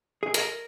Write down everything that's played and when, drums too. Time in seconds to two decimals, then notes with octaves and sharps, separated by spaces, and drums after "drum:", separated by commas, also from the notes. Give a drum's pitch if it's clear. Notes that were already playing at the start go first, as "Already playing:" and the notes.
0.23 G#4
0.34 A#4, drum: hi-hat